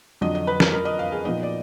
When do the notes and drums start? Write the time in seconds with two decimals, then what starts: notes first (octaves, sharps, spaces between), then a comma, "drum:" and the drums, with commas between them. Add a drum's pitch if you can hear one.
0.21 F2 D3 F#3 D4 D#5
0.35 D#5
0.47 B4
0.60 A#4, drum: snare
0.73 A#4
0.85 D#5
0.99 F5
1.12 G#4
1.25 A#2 F3 B3 D#4 D#5
1.43 D5